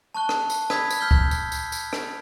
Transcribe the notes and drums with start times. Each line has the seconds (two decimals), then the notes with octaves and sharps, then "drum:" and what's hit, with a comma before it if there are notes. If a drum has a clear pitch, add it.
0.15 A5 C#6 F#6 G7
0.29 drum: rim click
0.50 drum: tambourine
0.70 B5 D#6 E6 G#6 B6, drum: rim click
0.90 drum: tambourine
1.00 F6 G6 B6 G7
1.11 drum: kick C#2
1.31 drum: tambourine
1.52 drum: tambourine
1.72 drum: tambourine
1.93 drum: rim click